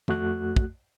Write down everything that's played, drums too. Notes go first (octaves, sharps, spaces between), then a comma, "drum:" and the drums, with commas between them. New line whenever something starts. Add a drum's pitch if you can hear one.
F2 A3 F#4 F#6, drum: tom
drum: kick